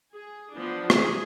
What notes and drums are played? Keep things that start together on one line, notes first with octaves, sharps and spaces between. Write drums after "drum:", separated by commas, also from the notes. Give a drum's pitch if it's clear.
G#4
F3 B3 D4
G#4, drum: rim click